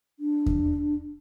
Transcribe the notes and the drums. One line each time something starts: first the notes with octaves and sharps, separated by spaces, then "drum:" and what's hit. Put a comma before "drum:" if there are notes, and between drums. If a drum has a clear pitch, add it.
D4
drum: kick E2